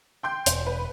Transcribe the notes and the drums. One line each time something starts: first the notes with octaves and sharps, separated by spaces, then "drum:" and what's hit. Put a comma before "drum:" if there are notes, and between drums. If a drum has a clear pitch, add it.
G5 C6 G6
E1, drum: hi-hat
B4